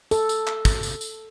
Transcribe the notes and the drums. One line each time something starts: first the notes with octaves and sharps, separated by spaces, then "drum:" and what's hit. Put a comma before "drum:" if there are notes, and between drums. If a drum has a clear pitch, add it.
A4, drum: tambourine
drum: tambourine
drum: clap
drum: kick, tambourine
drum: tambourine
drum: tambourine